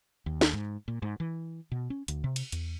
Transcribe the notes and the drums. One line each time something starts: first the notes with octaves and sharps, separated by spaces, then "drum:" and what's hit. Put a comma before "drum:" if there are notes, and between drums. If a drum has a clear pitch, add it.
D#2
drum: snare
G#2
A#2
G#2
E3
B2
C#4
D2, drum: hi-hat
C3
drum: cymbal
E2, drum: hi-hat